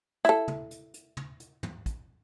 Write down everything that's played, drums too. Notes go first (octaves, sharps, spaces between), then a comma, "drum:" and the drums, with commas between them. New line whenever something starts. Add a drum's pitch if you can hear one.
E4 A4, drum: hi-hat
drum: tom
drum: hi-hat
drum: hi-hat
drum: tom
drum: hi-hat
drum: tom
drum: kick, hi-hat